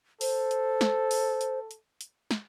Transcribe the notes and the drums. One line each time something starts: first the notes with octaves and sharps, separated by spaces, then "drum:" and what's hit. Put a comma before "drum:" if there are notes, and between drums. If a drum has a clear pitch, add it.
A4 C5, drum: open hi-hat
drum: hi-hat
drum: snare
drum: open hi-hat
drum: hi-hat
drum: hi-hat
drum: hi-hat
drum: snare